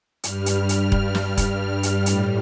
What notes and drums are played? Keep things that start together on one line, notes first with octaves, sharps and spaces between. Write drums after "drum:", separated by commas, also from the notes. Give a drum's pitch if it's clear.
G2 G3 F6, drum: hi-hat
drum: hi-hat
drum: hi-hat
drum: kick E1
drum: snare
drum: kick E1, hi-hat
drum: hi-hat
A2 G3, drum: hi-hat